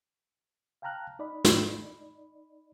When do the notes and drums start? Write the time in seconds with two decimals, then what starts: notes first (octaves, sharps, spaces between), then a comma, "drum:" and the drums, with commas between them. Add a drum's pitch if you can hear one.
0.82 F5 G5 A5 A#5 F6 F#6
1.19 D#4 D5 D#5 B5
1.45 drum: snare